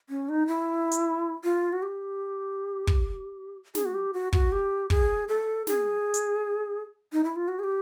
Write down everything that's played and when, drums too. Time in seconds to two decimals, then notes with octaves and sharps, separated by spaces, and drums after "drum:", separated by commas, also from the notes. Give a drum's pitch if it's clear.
0.10 C#4
0.29 D#4
0.48 E4
0.91 drum: hi-hat
1.44 F4
1.73 F#4
1.82 G4
2.87 drum: kick
3.75 G#4, drum: snare
3.86 F#4
3.94 G4
4.14 F#4
4.33 F#4, drum: kick
4.52 G4
4.90 G#4, drum: kick
5.28 A4
5.67 G#4, drum: snare
6.14 drum: hi-hat
7.13 D#4
7.24 E4
7.36 F4
7.48 F#4
7.59 G#4
7.64 G4